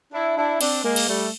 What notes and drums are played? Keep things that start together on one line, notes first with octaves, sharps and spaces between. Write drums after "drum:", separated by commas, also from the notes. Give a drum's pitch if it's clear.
D4 E4
D4 E4
C4 D4, drum: cymbal
G#3 A#3
drum: cymbal
G3 A3